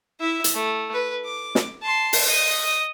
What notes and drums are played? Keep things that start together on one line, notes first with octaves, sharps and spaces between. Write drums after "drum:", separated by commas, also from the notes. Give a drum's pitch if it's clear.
E4 E5
drum: hi-hat
A3
B4
D6
drum: snare
A5 C6
drum: open hi-hat
D#5 D#6